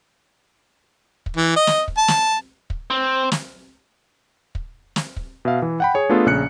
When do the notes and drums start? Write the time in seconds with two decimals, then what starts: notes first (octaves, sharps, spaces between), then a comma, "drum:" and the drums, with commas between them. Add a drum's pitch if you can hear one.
1.26 drum: kick
1.37 E3
1.56 D#5
1.67 drum: snare
1.88 drum: kick
1.98 A5
2.08 drum: snare
2.70 drum: kick
2.90 C4
3.32 drum: snare
4.55 drum: kick
4.96 drum: snare
5.16 drum: kick
5.45 B2 E5 F5
5.62 E3
5.80 F#5 G5 B5
5.94 G#4 C#5 G#5
6.09 A3 B3 D4 F4 G#4 A4
6.26 A#1 C#3 F#6 C#7